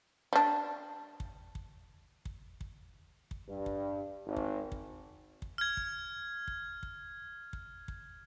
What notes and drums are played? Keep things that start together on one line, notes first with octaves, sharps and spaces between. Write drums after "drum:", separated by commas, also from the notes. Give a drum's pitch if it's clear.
G3 D4
drum: kick
drum: kick
drum: kick
drum: kick
drum: kick
G2
drum: kick
G#1
drum: kick
drum: kick
drum: kick
F6 G#6
drum: kick
drum: kick
drum: kick
drum: kick
drum: kick